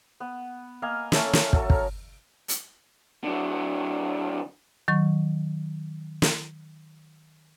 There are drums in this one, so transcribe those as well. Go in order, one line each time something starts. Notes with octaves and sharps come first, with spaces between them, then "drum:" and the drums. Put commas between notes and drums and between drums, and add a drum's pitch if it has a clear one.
B3
A#3 D#5 F5 G#5
A3 A#3 C#4 A4, drum: snare
drum: snare
F#3 A4, drum: kick
A#4, drum: kick
drum: hi-hat
D3 F#3
D#3 F#3 C#6
drum: snare